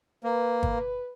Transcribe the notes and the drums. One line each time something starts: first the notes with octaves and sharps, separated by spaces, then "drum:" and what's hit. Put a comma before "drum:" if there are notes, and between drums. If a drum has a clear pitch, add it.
A#3 B4
drum: kick